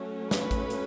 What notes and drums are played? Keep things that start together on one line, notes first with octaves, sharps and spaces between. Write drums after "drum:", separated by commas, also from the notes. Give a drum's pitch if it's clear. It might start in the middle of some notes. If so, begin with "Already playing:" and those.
Already playing: F#3 A3 C#4
B4, drum: snare
drum: kick A1, hi-hat
drum: hi-hat